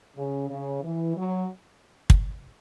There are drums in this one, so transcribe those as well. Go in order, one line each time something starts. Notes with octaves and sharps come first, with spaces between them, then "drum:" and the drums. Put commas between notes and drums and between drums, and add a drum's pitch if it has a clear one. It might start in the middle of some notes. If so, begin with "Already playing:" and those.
C#3
C#3
E3
F#3
drum: kick